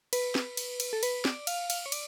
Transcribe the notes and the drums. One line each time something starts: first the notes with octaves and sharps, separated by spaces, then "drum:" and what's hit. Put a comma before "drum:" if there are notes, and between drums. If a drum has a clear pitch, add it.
B4, drum: cymbal
drum: snare
drum: cymbal
drum: cymbal
A4
B4, drum: cymbal
D5, drum: snare
F5, drum: cymbal
F5, drum: cymbal
C#5
D5, drum: cymbal